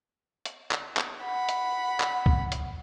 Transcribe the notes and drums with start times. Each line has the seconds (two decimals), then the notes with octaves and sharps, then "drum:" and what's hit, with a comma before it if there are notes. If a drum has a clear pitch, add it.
0.45 drum: hi-hat
0.71 drum: clap
0.97 drum: clap
1.23 F#5 B5
1.49 drum: hi-hat
2.00 drum: clap
2.26 drum: kick C2
2.52 drum: hi-hat